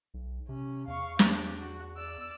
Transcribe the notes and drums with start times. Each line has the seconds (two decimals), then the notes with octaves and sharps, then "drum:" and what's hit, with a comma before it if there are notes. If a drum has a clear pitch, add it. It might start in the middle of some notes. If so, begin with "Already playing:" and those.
0.14 B1
0.49 C3 C#4
0.87 E2 F5 C#6
1.19 D4 G4, drum: snare
1.60 F#4
1.96 D5 E6